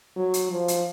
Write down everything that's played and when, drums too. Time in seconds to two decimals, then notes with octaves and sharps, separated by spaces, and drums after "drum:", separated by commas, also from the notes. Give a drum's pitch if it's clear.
0.16 F#3
0.34 drum: hi-hat
0.51 F3
0.68 drum: hi-hat